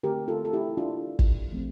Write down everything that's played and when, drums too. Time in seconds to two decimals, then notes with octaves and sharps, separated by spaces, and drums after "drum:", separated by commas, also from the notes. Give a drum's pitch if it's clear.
0.03 D3 A3 C4 G4 A#4
0.28 F4 A4
0.45 A4
0.53 E4 G4
0.77 D4 F4
1.19 drum: kick
1.52 F3 A3 C4